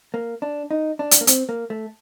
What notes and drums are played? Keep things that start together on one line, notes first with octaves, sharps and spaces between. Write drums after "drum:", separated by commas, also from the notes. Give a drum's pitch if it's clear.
A#3
D4
D#4
D4
drum: hi-hat
A#3
C4, drum: hi-hat
A#3
A3